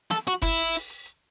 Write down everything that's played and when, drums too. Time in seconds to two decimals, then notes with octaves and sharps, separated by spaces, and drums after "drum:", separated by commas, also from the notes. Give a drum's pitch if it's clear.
0.11 A4, drum: snare
0.27 F#4, drum: hi-hat
0.42 E4, drum: kick, hi-hat
0.59 drum: hi-hat
0.74 drum: open hi-hat
0.90 drum: hi-hat
1.06 drum: hi-hat